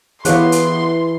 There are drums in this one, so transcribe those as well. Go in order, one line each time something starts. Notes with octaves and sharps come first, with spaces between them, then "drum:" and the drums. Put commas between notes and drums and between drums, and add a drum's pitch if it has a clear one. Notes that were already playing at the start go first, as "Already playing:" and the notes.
E3 B3 E4 G4 G#4 C#5 F5 C6, drum: hi-hat
drum: hi-hat